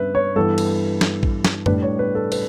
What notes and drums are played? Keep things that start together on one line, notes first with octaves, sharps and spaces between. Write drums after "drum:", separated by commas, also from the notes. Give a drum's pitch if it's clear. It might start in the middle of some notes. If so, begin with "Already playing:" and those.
Already playing: G2 C#4 B4 E5
C#5
G2 E3 B3 A4
drum: cymbal
drum: snare
drum: kick
drum: snare
A2 G3 D4 B4, drum: tom F#2
C#5
B4
A4
B4, drum: cymbal